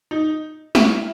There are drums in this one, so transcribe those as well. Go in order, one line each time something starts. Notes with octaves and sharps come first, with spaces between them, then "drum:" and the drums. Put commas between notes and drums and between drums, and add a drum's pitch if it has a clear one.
D#4
E4, drum: snare